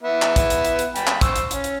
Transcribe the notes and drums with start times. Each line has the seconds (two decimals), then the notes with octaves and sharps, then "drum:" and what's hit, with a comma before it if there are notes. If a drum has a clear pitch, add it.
0.03 B3 E4 E5
0.22 drum: clap
0.36 drum: kick, hi-hat
0.50 drum: hi-hat
0.65 drum: hi-hat
0.79 drum: hi-hat
0.96 G5 G#5 B5, drum: hi-hat
1.07 drum: clap
1.21 C5 C#6 E6, drum: kick, hi-hat
1.36 drum: hi-hat
1.51 C#4, drum: hi-hat
1.64 drum: hi-hat